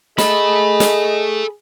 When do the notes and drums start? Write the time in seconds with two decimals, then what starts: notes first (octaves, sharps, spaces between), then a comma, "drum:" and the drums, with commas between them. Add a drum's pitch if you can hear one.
0.18 G#4 A4 D#5 E5 B5, drum: snare
0.80 drum: snare